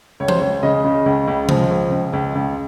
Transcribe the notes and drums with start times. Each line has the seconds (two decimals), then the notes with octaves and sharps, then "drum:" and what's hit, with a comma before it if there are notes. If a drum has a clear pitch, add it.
0.20 C#2 C#5
0.28 C5, drum: tom E3
0.37 C#2 C#5
0.63 C#3 D#5
0.84 C#3
1.06 C#2
1.28 C#2
1.49 F3, drum: tom C3
1.71 C#2
1.92 C#2
2.13 C#2
2.35 C#2